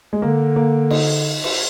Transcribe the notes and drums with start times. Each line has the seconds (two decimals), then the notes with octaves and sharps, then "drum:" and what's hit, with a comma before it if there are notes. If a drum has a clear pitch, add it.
0.13 G#3
0.22 D3 A#3
0.56 A#3
0.90 D#4, drum: cymbal
1.44 drum: cymbal